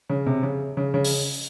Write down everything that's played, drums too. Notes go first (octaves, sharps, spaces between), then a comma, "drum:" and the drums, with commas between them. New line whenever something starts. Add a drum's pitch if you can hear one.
C#3
C3
C#3
C#3
C#3
drum: open hi-hat